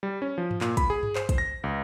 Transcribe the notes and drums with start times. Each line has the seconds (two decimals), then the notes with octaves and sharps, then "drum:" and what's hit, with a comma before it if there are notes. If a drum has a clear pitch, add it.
0.03 G3
0.22 C#4
0.38 F3
0.51 drum: tom G2
0.61 A#2, drum: clap
0.77 B5, drum: kick, hi-hat
0.90 G#4
1.03 drum: tom G2
1.15 C5, drum: clap
1.29 drum: kick, hi-hat
1.38 A#6
1.64 C#2